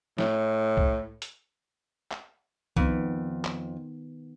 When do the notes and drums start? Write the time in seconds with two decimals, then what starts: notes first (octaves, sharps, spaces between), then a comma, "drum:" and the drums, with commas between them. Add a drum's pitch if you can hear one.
0.18 A2, drum: snare
0.77 drum: kick C2
1.22 drum: hi-hat
2.11 drum: clap
2.76 F2 D#3 B3, drum: kick C2
3.44 drum: clap